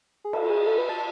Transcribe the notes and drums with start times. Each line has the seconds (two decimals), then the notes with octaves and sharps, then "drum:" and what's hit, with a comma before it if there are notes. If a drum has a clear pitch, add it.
0.24 G#4
0.33 A4, drum: cymbal
0.50 G#4
0.67 A4
0.78 B4
0.89 A5